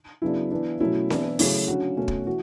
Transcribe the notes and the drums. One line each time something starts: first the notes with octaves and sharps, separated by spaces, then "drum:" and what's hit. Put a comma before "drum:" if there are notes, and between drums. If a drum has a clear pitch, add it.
C#3 F#3 B3 D4 E4
E3 B3 D4
B2 F#3 A3 C#4 E4
E3 B3 D4, drum: snare C4
C#3 F#3 A3 C#4 E4, drum: open hi-hat
D3 F#3 C#4 F#4
B2 A3 C#4
drum: kick
E3 F#4